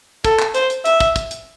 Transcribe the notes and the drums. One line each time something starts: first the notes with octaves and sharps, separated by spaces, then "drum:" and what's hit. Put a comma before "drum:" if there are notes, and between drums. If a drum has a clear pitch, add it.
A4, drum: kick, hi-hat
drum: clap
C5, drum: hi-hat
drum: hi-hat
E5, drum: hi-hat
drum: kick, hi-hat
drum: kick, hi-hat
drum: hi-hat